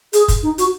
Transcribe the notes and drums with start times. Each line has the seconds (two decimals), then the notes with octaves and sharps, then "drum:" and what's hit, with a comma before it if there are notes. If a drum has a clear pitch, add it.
0.13 G#4, drum: hi-hat
0.28 drum: kick, hi-hat
0.43 D#4
0.58 F#4, drum: hi-hat